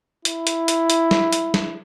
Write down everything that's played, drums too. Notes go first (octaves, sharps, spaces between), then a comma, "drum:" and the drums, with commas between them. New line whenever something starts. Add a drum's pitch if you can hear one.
E4, drum: hi-hat
drum: hi-hat
drum: hi-hat
drum: hi-hat
drum: snare
drum: hi-hat
drum: snare